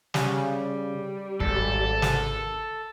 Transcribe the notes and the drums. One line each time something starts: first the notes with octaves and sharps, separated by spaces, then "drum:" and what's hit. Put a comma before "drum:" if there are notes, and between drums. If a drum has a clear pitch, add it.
C#3 G3, drum: snare
G#1 A4, drum: kick
drum: snare